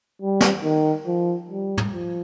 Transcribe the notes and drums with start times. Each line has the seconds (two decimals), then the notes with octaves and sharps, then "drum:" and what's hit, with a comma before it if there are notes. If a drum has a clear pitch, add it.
0.22 G3
0.40 drum: snare
0.63 D#3
1.06 F3
1.50 G3
1.77 drum: tom
1.92 F3